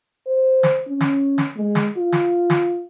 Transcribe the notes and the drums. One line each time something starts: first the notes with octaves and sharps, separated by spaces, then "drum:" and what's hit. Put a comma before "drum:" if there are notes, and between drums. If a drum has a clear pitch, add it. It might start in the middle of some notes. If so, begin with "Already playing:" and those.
C5
drum: snare
C#4
drum: snare
drum: snare
G#3
drum: snare
F4
drum: snare
drum: snare